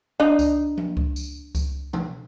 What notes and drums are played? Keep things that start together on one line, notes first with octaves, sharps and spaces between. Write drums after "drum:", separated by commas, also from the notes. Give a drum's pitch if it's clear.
D4 D#4
drum: kick C#2, tambourine
drum: tom F3
drum: kick C#2
drum: tambourine
drum: kick C#2, tambourine
drum: tom B2